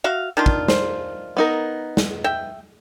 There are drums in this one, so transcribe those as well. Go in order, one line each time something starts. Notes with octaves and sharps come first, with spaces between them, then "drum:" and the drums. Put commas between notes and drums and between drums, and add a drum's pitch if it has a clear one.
F#4 E5 F5
D#3 D4 F4
drum: kick
C5, drum: snare
B3 D#4 A#4
drum: snare
E5 G5